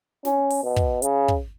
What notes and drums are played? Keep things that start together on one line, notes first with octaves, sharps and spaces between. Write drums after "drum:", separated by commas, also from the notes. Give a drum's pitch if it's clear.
C#4, drum: snare
drum: open hi-hat
B2
drum: kick
C#3, drum: hi-hat
drum: kick